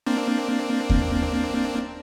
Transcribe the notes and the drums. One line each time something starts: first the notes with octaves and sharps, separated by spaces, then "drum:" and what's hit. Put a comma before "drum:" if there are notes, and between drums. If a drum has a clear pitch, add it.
A#3 C4 D4
drum: kick D#2